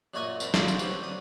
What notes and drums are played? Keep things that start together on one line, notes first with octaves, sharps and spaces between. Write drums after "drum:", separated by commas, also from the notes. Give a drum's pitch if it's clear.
F#2 A#2 F#4 C#5 D#5 G#5
C4 A#4 A5 B5, drum: tambourine
A#3 C4 F4 F#4 D5 F5, drum: snare
drum: tambourine
C4 C#4 G4 B4, drum: tambourine
D2 D#6